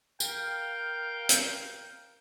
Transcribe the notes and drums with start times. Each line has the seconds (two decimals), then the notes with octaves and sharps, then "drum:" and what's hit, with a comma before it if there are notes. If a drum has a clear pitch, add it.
0.20 A#4 F5 G5, drum: tambourine
1.29 drum: hi-hat